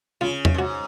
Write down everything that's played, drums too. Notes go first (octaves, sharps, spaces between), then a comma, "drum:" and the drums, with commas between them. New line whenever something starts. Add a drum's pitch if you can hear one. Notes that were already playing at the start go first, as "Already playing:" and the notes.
C#3 F4
drum: tom E2
F#2
G#2 F#4